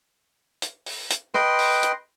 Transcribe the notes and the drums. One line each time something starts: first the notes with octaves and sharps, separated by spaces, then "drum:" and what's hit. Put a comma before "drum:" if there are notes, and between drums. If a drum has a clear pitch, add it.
drum: hi-hat
drum: open hi-hat
drum: hi-hat
B4 D#5 G5 C6, drum: rim click
drum: open hi-hat
drum: hi-hat